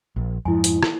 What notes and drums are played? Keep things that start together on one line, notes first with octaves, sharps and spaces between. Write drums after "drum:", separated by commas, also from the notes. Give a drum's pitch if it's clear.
A#1
F2 G#2 F3 E4 G#5
drum: hi-hat
drum: rim click